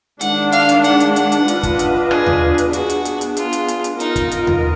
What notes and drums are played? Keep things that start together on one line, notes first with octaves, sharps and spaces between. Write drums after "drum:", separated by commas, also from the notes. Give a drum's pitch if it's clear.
D#3 G#3 D4 F#5, drum: hi-hat
F5, drum: hi-hat
drum: hi-hat
F#5, drum: hi-hat
drum: hi-hat
F#5, drum: hi-hat
drum: hi-hat
D4 F4 B4 D#5, drum: hi-hat
drum: kick, hi-hat
drum: hi-hat
G#4, drum: rim click
drum: tom D#2
drum: hi-hat
B3 D4 F#4 G#4, drum: hi-hat
drum: hi-hat
drum: hi-hat
drum: hi-hat
F4, drum: hi-hat
drum: hi-hat
drum: hi-hat
drum: hi-hat
B3 D#4 F4 A#4 D#5, drum: hi-hat
drum: kick, hi-hat
drum: hi-hat
drum: tom D#2